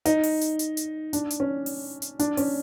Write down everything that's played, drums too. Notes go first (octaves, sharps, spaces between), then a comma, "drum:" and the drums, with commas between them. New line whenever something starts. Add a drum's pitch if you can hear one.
D#4, drum: hi-hat
drum: open hi-hat
drum: hi-hat
drum: hi-hat
drum: hi-hat
D4, drum: hi-hat
drum: hi-hat
C#4
drum: open hi-hat
drum: hi-hat
D4, drum: hi-hat
C#4, drum: open hi-hat